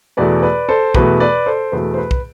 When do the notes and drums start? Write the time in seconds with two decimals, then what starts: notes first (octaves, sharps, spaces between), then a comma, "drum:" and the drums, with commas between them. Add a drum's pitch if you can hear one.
0.17 E2 B2 A3 B4 D5
0.42 B4 D5
0.69 A4 C5
0.95 E2 B2 A3 B4, drum: kick
1.20 B4 D5
1.46 A4 C5
1.72 E2 B2 A3 B4
1.94 C5
1.97 B4
2.11 drum: kick